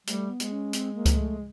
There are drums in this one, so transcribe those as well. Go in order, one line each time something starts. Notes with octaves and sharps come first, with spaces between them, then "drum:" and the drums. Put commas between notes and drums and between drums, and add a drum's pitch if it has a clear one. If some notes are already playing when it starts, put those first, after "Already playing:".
G3 A3, drum: hi-hat
B3
G#3, drum: hi-hat
C#4
C4, drum: hi-hat
A#3
drum: kick C#2, hi-hat
A3